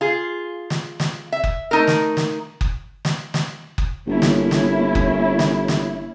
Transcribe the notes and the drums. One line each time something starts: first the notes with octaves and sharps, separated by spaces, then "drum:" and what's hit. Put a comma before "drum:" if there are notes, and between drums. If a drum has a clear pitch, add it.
F4 G#4
drum: snare
drum: snare
E5
drum: kick F#1
A3 D#4 A#4
drum: snare
drum: snare
drum: kick F#1
drum: snare
drum: snare
drum: kick F#1
G1 A#3 C#4 E4
drum: snare
drum: snare
drum: kick F#1
drum: snare
drum: snare